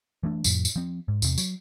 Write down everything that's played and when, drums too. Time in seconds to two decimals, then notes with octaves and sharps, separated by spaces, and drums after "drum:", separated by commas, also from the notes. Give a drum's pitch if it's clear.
0.23 E3 A3 D4
0.44 F2 A2 F3, drum: tambourine
0.65 drum: tambourine
0.76 F3 C4
1.08 G#2
1.22 E2 C3, drum: tambourine
1.38 F#3, drum: tambourine